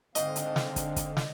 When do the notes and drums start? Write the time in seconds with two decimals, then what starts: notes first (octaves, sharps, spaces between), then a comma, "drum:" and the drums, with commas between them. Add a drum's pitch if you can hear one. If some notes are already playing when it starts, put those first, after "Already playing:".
0.15 G#2 D3 C4 D#5 F5, drum: hi-hat
0.36 drum: hi-hat
0.56 drum: snare
0.76 drum: kick, hi-hat
0.96 drum: kick, hi-hat
1.17 drum: snare